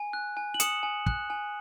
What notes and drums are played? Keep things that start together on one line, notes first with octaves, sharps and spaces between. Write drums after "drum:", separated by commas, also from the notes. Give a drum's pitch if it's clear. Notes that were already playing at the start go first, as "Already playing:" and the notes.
Already playing: G#5
F#6
G#5
F#7
D#6 C#7 E7, drum: hi-hat
G#5
F#6, drum: kick
G#5